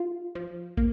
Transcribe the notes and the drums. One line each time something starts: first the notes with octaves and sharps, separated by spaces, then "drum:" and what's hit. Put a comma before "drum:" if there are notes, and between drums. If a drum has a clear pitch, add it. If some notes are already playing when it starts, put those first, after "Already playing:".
Already playing: F4
F3
A#3, drum: kick